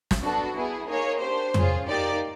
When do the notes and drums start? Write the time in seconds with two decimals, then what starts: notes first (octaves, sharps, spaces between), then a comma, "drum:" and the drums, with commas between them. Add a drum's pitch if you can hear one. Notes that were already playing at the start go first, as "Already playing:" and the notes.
0.11 drum: snare
0.22 B3 D4 F#4 A4
0.56 B3 E4 G#4
0.89 A#3 D#4 G#4 C#5
1.21 D4 G4 C5
1.54 C#4 F4 G#4, drum: tom
1.88 A#3 D#4 G4 D5